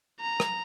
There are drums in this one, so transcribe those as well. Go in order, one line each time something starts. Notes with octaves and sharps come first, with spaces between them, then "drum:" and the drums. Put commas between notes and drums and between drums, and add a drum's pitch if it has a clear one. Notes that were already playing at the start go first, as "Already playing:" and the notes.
A#5
drum: rim click